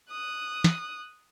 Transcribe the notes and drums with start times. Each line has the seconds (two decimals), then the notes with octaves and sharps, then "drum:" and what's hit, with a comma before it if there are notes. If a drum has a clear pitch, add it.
0.11 D#6 F#6
0.64 drum: snare